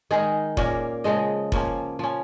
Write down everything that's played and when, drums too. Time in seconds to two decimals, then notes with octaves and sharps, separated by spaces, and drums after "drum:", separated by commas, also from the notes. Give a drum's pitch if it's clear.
0.11 D#3 G#3 D#4 G#4
0.57 A#2 A#3 C#4 A#4, drum: kick F1
1.04 C#3 F3 G#3 D#5
1.52 F3 A#3 C#4, drum: kick F1
1.99 F3 C#4